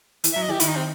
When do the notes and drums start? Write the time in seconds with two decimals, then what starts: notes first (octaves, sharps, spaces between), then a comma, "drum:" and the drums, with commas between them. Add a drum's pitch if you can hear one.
0.24 E3, drum: hi-hat
0.33 E5
0.36 F#3
0.42 D#5
0.48 E3
0.51 G4
0.60 D#3 E4, drum: hi-hat
0.68 D#4
0.77 C4